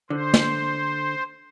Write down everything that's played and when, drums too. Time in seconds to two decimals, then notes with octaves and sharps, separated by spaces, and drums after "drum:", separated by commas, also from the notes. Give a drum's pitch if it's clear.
0.10 D3 C5
0.34 drum: snare